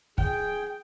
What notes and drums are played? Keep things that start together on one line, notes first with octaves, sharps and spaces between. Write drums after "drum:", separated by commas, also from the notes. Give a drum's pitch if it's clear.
G#4 G5, drum: kick